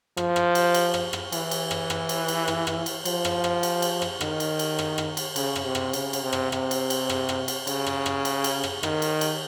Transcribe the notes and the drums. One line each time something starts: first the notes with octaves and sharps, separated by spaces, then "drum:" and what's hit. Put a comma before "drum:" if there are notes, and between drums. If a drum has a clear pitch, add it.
F3, drum: rim click
drum: rim click
drum: cymbal
drum: cymbal
drum: rim click
drum: rim click
E3, drum: cymbal
drum: cymbal
drum: rim click
drum: rim click
drum: cymbal
drum: cymbal
drum: rim click
drum: rim click
drum: cymbal
F3, drum: cymbal
drum: rim click
drum: rim click
drum: cymbal
drum: cymbal
drum: rim click
D#3, drum: rim click
drum: cymbal
drum: cymbal
drum: rim click
drum: rim click
drum: cymbal
C#3, drum: cymbal
drum: rim click
C3
drum: rim click
C#3, drum: cymbal
drum: cymbal
C3
drum: rim click
C3, drum: rim click
drum: cymbal
drum: cymbal
drum: rim click
drum: rim click
drum: cymbal
C#3, drum: cymbal
drum: rim click
drum: rim click
drum: cymbal
drum: cymbal
drum: rim click
D#3, drum: rim click
drum: cymbal
drum: cymbal